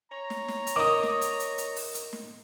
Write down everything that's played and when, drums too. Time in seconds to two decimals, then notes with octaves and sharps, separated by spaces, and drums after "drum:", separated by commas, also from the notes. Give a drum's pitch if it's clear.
0.12 C#5 A#5
0.30 drum: snare
0.48 drum: snare
0.67 drum: hi-hat
0.76 D#3 D#4 D6 D#6
1.03 drum: snare
1.21 drum: hi-hat
1.40 drum: hi-hat
1.58 drum: hi-hat
1.76 drum: open hi-hat
1.94 drum: hi-hat
2.13 drum: snare